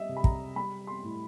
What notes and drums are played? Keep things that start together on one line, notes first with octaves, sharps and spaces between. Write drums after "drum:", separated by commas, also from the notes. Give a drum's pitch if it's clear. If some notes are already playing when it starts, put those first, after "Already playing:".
Already playing: G3 D#5 E5
C3
B5
A#5, drum: kick
G3 B5
C6
A2